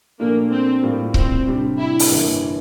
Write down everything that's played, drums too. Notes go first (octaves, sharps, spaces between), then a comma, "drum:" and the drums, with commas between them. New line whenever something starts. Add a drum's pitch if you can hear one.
A#2 F3 A3 A#3 D4
C4
A2 G3 A#3 F4
C4, drum: kick C#1
C3 G3 D4
E4
drum: open hi-hat
G1 G2 E3 A#3